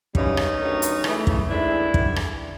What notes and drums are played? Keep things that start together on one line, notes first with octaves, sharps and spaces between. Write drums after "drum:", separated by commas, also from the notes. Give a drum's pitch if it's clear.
F#2 C#3 E3 G3 C#4 D#4, drum: kick
drum: rim click
G2 D#3 F#3 A3
drum: hi-hat
C#3 E3 A3, drum: rim click
drum: kick
G#2 E3 A3 D4 E4
G2 D3 G3, drum: kick
drum: rim click